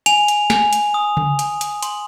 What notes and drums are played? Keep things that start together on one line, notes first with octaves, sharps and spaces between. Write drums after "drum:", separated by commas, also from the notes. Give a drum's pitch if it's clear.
G#5 F7, drum: hi-hat
drum: hi-hat
G#5, drum: snare
drum: hi-hat
D#6
drum: tom C#3
G#5, drum: hi-hat
drum: hi-hat
C6, drum: hi-hat